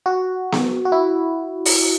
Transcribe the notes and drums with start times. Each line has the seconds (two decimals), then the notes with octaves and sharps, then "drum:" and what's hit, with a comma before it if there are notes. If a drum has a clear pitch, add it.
0.06 F#4
0.52 drum: snare B3
0.85 F#4
0.92 E4
1.65 drum: open hi-hat